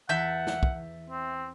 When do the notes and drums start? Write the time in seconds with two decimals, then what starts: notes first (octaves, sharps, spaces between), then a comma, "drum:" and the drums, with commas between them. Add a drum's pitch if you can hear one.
0.09 E2 E5 F#5 A5 G6
0.47 drum: snare
0.63 drum: kick
1.10 C4